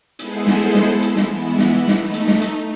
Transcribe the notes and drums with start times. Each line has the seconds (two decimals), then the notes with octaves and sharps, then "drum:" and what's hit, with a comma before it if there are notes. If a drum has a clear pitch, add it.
0.19 G#3 B3 E4 G#4 A4 C5, drum: hi-hat
0.47 drum: snare
0.75 drum: snare
1.02 drum: hi-hat
1.16 drum: snare
1.26 E3 G#3 B3 E4
1.58 drum: snare
1.88 A3 D#4, drum: snare
2.14 drum: hi-hat
2.27 drum: snare
2.41 drum: hi-hat